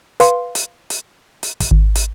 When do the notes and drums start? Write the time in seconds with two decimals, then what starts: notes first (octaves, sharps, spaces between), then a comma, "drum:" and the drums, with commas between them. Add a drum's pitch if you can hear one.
0.20 B4 F5 C6, drum: hi-hat
0.55 drum: hi-hat
0.90 drum: hi-hat
1.43 drum: hi-hat
1.60 drum: kick, hi-hat
1.71 G#1
1.95 drum: hi-hat